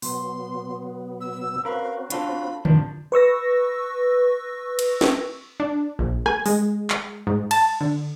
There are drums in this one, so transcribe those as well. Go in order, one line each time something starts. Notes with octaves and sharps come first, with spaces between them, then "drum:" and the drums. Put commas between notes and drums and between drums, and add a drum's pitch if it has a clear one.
B2 F#3 B3 C6, drum: open hi-hat
E6
C4 C#4 F#4 A#4 B4 F5
D4 F4 A4 B5, drum: hi-hat
F#2 A2 C3 F3 D4, drum: tom D3
B4 C#6 E6 A#6
drum: cymbal
drum: snare
D4
A#1
G#5, drum: rim click
G#3, drum: open hi-hat
drum: clap
G#2
A5, drum: cymbal
D3